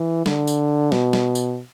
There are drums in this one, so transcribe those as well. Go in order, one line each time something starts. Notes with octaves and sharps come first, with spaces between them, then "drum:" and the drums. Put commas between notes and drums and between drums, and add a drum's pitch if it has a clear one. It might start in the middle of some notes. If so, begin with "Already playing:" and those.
Already playing: E3
D3, drum: snare
drum: tambourine
B2, drum: snare
drum: snare
drum: tambourine